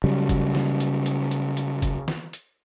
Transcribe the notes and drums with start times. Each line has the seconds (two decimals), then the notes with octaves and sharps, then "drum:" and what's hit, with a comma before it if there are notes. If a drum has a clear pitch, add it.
0.04 C#3 F#3 G3
0.29 drum: kick, hi-hat
0.55 drum: snare
0.80 drum: hi-hat
1.06 drum: hi-hat
1.31 drum: hi-hat
1.57 drum: hi-hat
1.82 drum: kick, hi-hat
2.08 drum: snare
2.33 drum: hi-hat